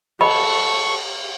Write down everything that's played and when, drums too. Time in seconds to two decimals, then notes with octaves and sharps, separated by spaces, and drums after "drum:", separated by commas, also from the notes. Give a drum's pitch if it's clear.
0.21 A4 D#5 B5 C#6, drum: cymbal